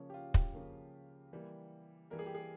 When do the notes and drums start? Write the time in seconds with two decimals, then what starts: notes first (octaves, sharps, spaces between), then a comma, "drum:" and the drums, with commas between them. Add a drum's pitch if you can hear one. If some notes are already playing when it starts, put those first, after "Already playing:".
Already playing: C#3 F3 A#3 C#4
0.10 G4
0.14 F4
0.34 G4, drum: kick
0.53 C#3 F3 A#3
1.33 E3 G3 A#3
2.10 E3 G3 A#3 A#4
2.19 G#4
2.26 G4
2.35 G#4